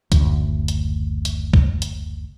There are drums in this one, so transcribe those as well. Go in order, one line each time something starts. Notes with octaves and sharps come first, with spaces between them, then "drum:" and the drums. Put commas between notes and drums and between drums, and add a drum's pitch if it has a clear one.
F#1 D2, drum: kick C#2, hi-hat
drum: hi-hat
drum: hi-hat
drum: kick C#2
drum: hi-hat